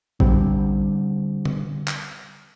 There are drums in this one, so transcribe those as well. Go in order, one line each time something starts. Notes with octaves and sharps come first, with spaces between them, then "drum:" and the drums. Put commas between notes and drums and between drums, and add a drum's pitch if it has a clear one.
D3 D#3 G3 C4, drum: kick A#1
drum: tom D3
drum: clap